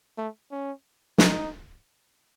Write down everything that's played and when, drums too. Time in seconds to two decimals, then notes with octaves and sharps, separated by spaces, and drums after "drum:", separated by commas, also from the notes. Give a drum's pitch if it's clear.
0.18 A3
0.52 C#4
1.18 D#4, drum: snare